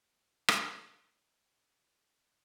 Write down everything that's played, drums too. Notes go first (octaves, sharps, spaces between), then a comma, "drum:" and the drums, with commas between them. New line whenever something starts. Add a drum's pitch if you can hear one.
drum: rim click
C6
C#4
D#4
C3
D#5